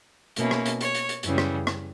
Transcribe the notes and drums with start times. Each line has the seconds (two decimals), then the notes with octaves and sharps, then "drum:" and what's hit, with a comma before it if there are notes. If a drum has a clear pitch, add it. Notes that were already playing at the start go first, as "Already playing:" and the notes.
0.36 B2 A#3 C#4 E4, drum: hi-hat
0.51 drum: rim click
0.66 drum: hi-hat
0.81 C#5, drum: hi-hat
0.95 drum: hi-hat
1.09 drum: hi-hat
1.23 F#2 C#3 E3 G3 C#4, drum: hi-hat
1.38 drum: rim click
1.67 drum: rim click